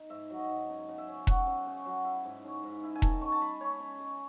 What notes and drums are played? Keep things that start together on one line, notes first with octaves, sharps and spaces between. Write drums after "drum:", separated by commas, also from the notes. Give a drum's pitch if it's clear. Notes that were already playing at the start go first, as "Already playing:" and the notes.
Already playing: D#4
G#2 E5
F#3
D#5
G#2
C#3
C#3
E5
C#4
C#4 F#5, drum: kick E1
C#3
C#3
F#3
E4
G#2
C#4
G#2
E4
G#5
D#3 A5, drum: kick E1
C#4 C#6
A5
G#3 B5
C#4 C#5
C#4
G#3